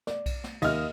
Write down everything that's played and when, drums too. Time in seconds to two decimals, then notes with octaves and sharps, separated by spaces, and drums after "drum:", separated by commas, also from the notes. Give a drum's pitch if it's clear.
0.07 D5, drum: snare
0.26 drum: kick B1, cymbal
0.44 drum: snare
0.62 D#2 A#3 D#5 E5 F6, drum: cymbal